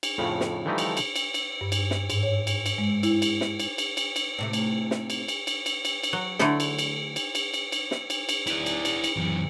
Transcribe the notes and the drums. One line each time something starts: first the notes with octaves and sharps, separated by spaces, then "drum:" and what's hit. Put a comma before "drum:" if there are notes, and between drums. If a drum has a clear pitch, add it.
drum: cymbal
F2 A2 C#3
drum: snare
D3 E3 F3 G3 A3 D#4
drum: cymbal
drum: cymbal
drum: cymbal
drum: cymbal
G2
drum: cymbal
drum: snare
G#2, drum: cymbal
C#5
drum: cymbal
drum: cymbal
G#3
E4, drum: cymbal
drum: cymbal
drum: snare
drum: cymbal
drum: cymbal
drum: cymbal
drum: cymbal
A2 C3 A3
drum: cymbal
drum: snare
drum: cymbal
drum: cymbal
drum: cymbal
drum: cymbal
drum: cymbal
drum: cymbal
F#3
D3 F#3 A3 E4 A4, drum: snare
drum: cymbal
drum: cymbal
drum: cymbal
drum: cymbal
drum: cymbal
drum: cymbal
drum: snare
drum: cymbal
drum: cymbal
E4 D5, drum: cymbal
drum: cymbal
drum: cymbal
drum: cymbal
F#2 E3